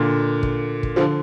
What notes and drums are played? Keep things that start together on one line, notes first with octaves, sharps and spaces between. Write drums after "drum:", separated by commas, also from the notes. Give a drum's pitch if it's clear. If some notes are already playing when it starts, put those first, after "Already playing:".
Already playing: A#2 D3
drum: kick
drum: kick
D3 F3